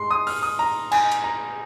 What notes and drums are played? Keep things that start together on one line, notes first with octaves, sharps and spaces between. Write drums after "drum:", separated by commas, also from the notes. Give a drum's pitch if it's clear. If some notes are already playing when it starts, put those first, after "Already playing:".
Already playing: G#2 G#3 C6
D#6
F6, drum: open hi-hat
D#6
A#5
G#5, drum: cymbal
drum: cymbal
A#5